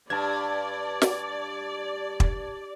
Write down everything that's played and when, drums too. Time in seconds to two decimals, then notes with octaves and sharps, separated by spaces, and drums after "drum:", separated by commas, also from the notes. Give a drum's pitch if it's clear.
0.10 G2 D5 A5 G#6
1.02 drum: snare
2.20 drum: kick